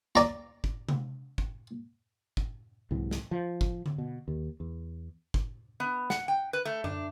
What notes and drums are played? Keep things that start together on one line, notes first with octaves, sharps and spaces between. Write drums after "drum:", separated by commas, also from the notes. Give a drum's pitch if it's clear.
D5 A#5, drum: snare
drum: kick
drum: tom C3
drum: kick
drum: kick
C2 G#2 E3 F#3
drum: snare
F3
drum: kick
drum: tom D3
B2
D#2
E2
drum: kick
B3
F#5, drum: snare
G5
B4
A3
D4, drum: tom F#2